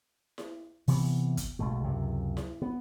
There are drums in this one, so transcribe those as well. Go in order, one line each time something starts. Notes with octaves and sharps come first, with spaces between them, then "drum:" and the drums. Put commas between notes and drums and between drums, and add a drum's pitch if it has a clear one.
drum: snare E4
C3 E3 B3, drum: open hi-hat
drum: kick, hi-hat
B1 G#2 B2 A3
C#2 F#2 C3
drum: snare E4
B3